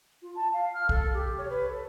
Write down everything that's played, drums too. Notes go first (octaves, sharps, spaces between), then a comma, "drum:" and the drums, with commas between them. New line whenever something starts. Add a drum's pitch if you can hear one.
F4
A5
F5
F6
A4, drum: kick
G4
C#5
B4
A4